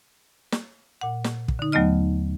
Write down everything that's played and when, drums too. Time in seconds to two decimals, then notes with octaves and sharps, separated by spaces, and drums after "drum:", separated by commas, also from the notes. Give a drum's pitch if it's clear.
0.52 drum: snare
1.01 A#2 F#5
1.24 drum: snare
1.48 drum: kick
1.59 D3 D#4
1.72 D#2 F#3 A3 B3 D#5 F6